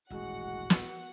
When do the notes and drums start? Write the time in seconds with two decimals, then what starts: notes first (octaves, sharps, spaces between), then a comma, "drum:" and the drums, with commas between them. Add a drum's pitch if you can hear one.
0.10 D#1 A1 G#3 F#4 F#5
0.70 drum: snare